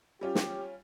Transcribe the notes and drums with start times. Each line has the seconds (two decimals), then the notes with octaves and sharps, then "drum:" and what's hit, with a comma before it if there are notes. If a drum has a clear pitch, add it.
0.21 G3 C#4 F4 G4
0.35 drum: snare